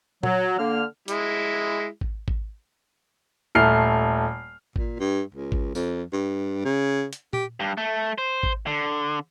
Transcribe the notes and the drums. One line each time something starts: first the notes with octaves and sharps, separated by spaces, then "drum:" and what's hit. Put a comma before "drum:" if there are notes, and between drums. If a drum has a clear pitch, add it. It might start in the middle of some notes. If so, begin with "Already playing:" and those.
F#3, drum: tom A#2
D3 A#3 F6
G#3 E4, drum: hi-hat
drum: kick G#1
drum: kick G#1
D#1 A3 F6 C7
A#2, drum: kick G#1
G2
C#2
drum: kick G#1
F2, drum: tambourine
G2
C#3
drum: hi-hat
G4, drum: tom A#2
G2
A3
C5
drum: kick G#1
D3